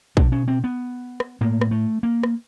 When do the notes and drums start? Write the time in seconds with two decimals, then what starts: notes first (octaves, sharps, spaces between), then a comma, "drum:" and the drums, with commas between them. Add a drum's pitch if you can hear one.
0.17 B2 D4, drum: kick
0.32 C#4
0.48 C4
0.64 B3
1.20 drum: rim click
1.41 A2 A#3
1.61 drum: rim click
1.71 A3
2.03 A#3
2.23 drum: rim click